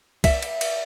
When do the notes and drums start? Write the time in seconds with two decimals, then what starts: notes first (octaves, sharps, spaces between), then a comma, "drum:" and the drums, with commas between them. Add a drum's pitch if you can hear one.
0.24 E5, drum: kick C2, cymbal
0.42 drum: cymbal
0.61 drum: cymbal